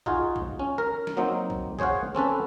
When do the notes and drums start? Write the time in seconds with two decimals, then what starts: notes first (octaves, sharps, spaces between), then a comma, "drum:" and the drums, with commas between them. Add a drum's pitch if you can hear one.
0.06 D#4 F4 F#4 G#4, drum: kick A#1
0.36 drum: kick A#1
0.59 C#4
0.78 A#4
1.07 drum: snare
1.17 F#3 A#3 C4 D#4
1.50 drum: kick A#1
1.79 G#4 C5 C#5 F5 F#5, drum: kick A#1
2.15 C4 C#4 A4 B4